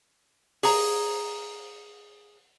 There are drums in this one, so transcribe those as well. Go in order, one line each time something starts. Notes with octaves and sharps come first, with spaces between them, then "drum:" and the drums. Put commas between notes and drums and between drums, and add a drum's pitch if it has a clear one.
G#4 A#5, drum: open hi-hat